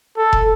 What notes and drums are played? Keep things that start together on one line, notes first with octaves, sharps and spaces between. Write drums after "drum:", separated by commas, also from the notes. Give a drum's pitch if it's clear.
A4
drum: kick